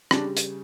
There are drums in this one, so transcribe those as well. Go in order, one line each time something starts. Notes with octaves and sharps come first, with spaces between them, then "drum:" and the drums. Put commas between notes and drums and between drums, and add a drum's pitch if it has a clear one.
C#3 G3 D4, drum: rim click
drum: hi-hat